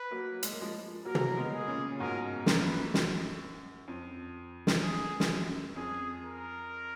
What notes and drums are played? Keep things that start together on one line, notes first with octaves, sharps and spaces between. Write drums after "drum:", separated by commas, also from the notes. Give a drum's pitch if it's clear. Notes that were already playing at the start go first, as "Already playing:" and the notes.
Already playing: B4
F#3 A#3
G#3, drum: hi-hat
A#3
F3 G#3
F#3 A#3 A#4
drum: tom
G#3 B3
G#4
A#2 C#3
G#2 B2 A#4
A#4
F#2 A#2, drum: snare
B4
F#2, drum: snare
F2
drum: snare
G#4
drum: snare
F#2
F2 G#4
A#4